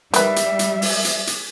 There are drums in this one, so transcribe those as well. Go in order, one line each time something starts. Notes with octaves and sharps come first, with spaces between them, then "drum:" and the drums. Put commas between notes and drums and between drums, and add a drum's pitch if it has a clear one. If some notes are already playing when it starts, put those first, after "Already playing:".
D#3 G3 B4 E5, drum: hi-hat
drum: hi-hat
drum: hi-hat
drum: open hi-hat
drum: hi-hat
drum: hi-hat